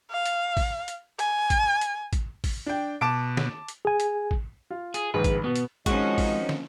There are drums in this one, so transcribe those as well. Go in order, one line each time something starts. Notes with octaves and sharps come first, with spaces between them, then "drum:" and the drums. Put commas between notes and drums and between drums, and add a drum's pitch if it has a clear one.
F5
drum: hi-hat
drum: kick A1, open hi-hat
drum: hi-hat
G#5, drum: hi-hat
drum: kick A1, hi-hat
drum: hi-hat
drum: kick A1, hi-hat
drum: kick A1, open hi-hat
D4 G5
B2 A5 D6 D7
drum: snare
drum: hi-hat
G#4 G#5
drum: hi-hat
drum: kick A1
F4 F5
G#4, drum: hi-hat
A#1 G#2 D#3 B4
drum: kick A1, hi-hat
B2 B3
drum: hi-hat
D#3 F3 G#3 C4 C#4 D#4 F#4 D#5, drum: kick A1, hi-hat
drum: kick A1, open hi-hat
drum: snare